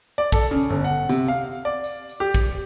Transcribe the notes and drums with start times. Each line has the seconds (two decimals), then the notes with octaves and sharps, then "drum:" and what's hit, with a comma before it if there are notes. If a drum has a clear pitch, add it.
0.18 D5
0.32 A4, drum: kick, tambourine
0.51 C#3
0.70 G1
0.84 F#5, drum: tambourine
1.09 C3, drum: tambourine
1.28 F5
1.65 D5
1.84 drum: tambourine
2.09 drum: tambourine
2.20 G4
2.34 drum: kick, tambourine